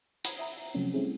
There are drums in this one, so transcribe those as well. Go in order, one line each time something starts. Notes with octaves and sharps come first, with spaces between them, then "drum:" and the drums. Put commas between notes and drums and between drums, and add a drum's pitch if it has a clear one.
A#5 B5 D#6 G#6, drum: hi-hat
E5 A#5
C3 F3 F#3 A3 C4 C#4
G3 A3 C4 C#4 E4 G#4